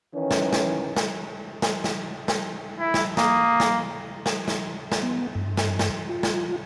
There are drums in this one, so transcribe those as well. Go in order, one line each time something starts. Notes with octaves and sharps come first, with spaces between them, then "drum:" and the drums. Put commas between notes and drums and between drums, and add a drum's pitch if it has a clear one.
D#3 E3 C#4
drum: snare
drum: snare
drum: snare
drum: snare
drum: snare
drum: snare
E4
drum: snare
A#3 D#6, drum: snare
drum: snare
drum: snare
drum: snare
drum: snare
B3
G2
drum: snare
drum: snare
F4
drum: snare